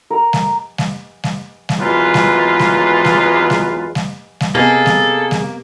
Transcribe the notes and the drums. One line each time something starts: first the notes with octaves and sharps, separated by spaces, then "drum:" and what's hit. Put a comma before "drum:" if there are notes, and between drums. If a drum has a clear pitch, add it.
A#4
drum: snare G3
drum: snare G3
drum: snare G3
drum: snare G3
G#1 E2 F#3 G#3 F4 B4
drum: snare G3
drum: snare G3
drum: snare G3
drum: snare G3
drum: snare G3
drum: snare G3
C3 A#3 B3 G#4 A4 D#5
drum: snare G3
drum: snare G3